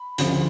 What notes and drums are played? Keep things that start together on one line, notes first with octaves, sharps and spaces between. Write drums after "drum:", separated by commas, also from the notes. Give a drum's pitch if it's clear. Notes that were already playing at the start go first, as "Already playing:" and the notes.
Already playing: B5
D2 C#3 F3, drum: hi-hat